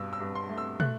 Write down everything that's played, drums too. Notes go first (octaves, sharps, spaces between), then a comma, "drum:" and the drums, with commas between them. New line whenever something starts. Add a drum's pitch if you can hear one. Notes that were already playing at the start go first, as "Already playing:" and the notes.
Already playing: G2 B2 E6
E6
G2
C6
A3
E6
A3 F#6, drum: tom